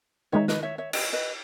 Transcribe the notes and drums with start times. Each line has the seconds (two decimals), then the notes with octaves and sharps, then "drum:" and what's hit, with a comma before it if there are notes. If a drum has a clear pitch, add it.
0.32 D#3 G#3 D#4 C#5 E5
0.48 B4 D#5, drum: snare
0.63 C#5 E5
0.78 C#5 E5
0.93 B4 D#5, drum: cymbal
1.13 B4 D#5